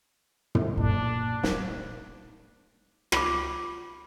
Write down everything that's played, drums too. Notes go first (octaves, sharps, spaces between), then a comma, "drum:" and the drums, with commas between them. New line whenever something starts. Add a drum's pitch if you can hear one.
drum: tom
A#2 D4
G#3, drum: snare
F4 B5 D6, drum: rim click